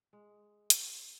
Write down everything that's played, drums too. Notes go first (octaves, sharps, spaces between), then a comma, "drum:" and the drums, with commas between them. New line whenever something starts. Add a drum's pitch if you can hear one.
G#3
drum: hi-hat